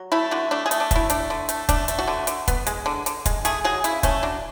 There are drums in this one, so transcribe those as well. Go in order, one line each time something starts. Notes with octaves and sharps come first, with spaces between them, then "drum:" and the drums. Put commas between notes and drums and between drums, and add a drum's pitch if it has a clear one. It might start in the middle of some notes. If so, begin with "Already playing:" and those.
Already playing: F#3
A3 E4
D3 F#4
A3 D4
G#4
A3, drum: hi-hat
D4
F#3 E4, drum: kick, hi-hat
A3 D4, drum: hi-hat
D3
A3, drum: hi-hat
A3 D4, drum: kick, hi-hat
A3, drum: hi-hat
F#4
D3
D3, drum: hi-hat
B3, drum: kick, hi-hat
G#3, drum: hi-hat
D3
D3, drum: hi-hat
G#3, drum: kick, hi-hat
A3 G#4, drum: hi-hat
F#3 G#4
C#3 E4, drum: hi-hat
A3 C#4, drum: kick, hi-hat
F#3 D4